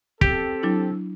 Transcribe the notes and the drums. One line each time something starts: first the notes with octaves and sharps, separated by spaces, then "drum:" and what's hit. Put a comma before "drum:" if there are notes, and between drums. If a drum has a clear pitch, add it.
C4 G4 A4, drum: kick
F#3 D4 E4